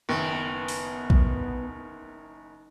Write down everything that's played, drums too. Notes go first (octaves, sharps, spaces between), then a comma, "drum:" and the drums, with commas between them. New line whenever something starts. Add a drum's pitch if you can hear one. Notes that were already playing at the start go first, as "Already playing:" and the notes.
F#1 D#3 B3
drum: open hi-hat
drum: kick